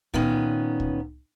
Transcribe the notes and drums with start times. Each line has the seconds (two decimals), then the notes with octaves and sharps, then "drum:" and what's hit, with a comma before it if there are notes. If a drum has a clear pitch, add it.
0.14 A#2 D#3 B3 C#4, drum: kick C#2
0.80 drum: kick C#2